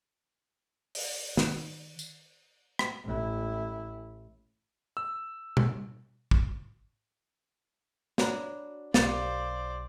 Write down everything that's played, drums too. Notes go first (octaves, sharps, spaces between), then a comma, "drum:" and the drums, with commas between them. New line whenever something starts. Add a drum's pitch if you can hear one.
drum: open hi-hat
D#3, drum: snare
drum: tambourine
drum: rim click
A1 E4
E6
drum: tom B2
drum: kick
D4 F#4 C#5 A#5 B5, drum: snare
B1 G4 A#4 C5 D5 F5 A6, drum: snare